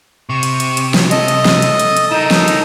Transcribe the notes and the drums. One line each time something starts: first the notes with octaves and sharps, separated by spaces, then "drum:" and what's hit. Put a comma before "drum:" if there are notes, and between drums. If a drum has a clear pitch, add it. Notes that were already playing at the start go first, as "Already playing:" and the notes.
C3 C#6
drum: hi-hat
drum: hi-hat
drum: hi-hat
drum: snare
A4 D#5 D#6, drum: hi-hat
drum: hi-hat
drum: snare
drum: hi-hat
drum: hi-hat
drum: hi-hat
D#4 E4 A#4
drum: snare
drum: hi-hat